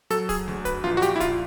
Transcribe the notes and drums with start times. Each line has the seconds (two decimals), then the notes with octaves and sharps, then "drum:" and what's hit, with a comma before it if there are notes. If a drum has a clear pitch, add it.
0.10 F#3 A4, drum: hi-hat
0.29 G#4, drum: kick, open hi-hat
0.48 D2, drum: snare
0.65 B4, drum: kick, hi-hat
0.84 A#1 F4, drum: snare
0.97 F#4
1.02 G4, drum: hi-hat
1.16 E4
1.20 A#1 F4, drum: kick, hi-hat